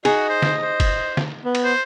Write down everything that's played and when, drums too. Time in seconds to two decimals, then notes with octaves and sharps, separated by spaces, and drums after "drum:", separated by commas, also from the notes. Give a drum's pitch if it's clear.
0.05 D#4 F#4 G#4 D#5, drum: cymbal
0.29 C5
0.42 drum: snare
0.63 C5
0.80 drum: kick, cymbal
1.17 drum: snare
1.45 B3
1.55 drum: cymbal
1.65 C5